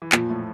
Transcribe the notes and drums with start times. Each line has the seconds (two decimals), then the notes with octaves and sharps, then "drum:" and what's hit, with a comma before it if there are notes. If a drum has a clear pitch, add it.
0.02 E3
0.12 F2 A#2 F3, drum: clap
0.30 A2 A3